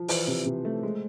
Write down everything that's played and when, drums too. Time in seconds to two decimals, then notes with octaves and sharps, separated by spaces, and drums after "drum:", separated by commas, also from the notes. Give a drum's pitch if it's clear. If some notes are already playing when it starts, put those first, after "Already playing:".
Already playing: F3
0.08 E3 C5, drum: open hi-hat
0.27 C3
0.46 C3
0.65 A3
0.83 G#3